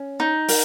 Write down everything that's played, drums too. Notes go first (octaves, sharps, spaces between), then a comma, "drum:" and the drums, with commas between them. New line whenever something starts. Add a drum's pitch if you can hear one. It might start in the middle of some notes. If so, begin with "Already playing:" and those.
Already playing: C#4
D#4
A#4, drum: open hi-hat